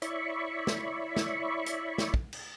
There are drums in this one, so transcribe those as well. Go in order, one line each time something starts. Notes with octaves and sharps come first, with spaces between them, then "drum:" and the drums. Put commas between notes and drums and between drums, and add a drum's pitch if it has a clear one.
E4 C#5 D5 E5 B5 C#6, drum: hi-hat
drum: snare
drum: snare
drum: hi-hat
drum: snare
drum: kick
drum: cymbal